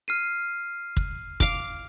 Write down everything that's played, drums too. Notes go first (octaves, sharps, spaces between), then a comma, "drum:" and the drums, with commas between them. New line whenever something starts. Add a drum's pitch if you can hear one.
F6 C7 D#7
drum: kick
F5 D6, drum: kick